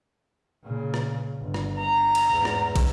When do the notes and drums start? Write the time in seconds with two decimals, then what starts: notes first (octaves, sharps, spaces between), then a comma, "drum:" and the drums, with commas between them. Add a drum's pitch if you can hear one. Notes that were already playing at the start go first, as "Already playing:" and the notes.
0.63 A#2 C#3
0.94 drum: rim click
1.39 G1
1.54 drum: rim click
1.78 A#5
2.15 drum: cymbal
2.29 E2 G#2
2.45 drum: rim click
2.76 drum: kick, cymbal